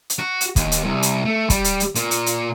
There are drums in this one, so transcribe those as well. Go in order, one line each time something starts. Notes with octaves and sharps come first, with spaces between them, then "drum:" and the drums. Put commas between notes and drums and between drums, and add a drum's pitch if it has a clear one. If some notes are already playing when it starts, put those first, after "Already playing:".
drum: hi-hat
F#4
drum: hi-hat
D#2, drum: kick, hi-hat
drum: hi-hat
C2
drum: hi-hat
A3
G3, drum: kick, hi-hat
drum: hi-hat
drum: hi-hat
A#2, drum: hi-hat
drum: hi-hat
drum: hi-hat